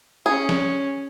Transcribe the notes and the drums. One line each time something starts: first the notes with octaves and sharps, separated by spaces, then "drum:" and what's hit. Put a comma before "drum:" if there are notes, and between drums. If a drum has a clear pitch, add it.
C#4 G#4
drum: snare